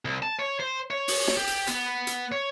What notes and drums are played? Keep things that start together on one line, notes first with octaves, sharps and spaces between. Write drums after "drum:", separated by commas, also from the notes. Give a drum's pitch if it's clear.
C2
A5
C#5
C5
C#5
drum: open hi-hat
drum: snare
G4
drum: hi-hat
B3, drum: hi-hat
drum: hi-hat
C#5